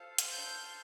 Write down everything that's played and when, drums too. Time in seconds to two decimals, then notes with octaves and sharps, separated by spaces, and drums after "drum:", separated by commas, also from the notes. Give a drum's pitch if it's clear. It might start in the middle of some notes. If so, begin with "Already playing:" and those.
Already playing: F4 A4 C5 F5 A5
0.18 drum: hi-hat
0.32 G6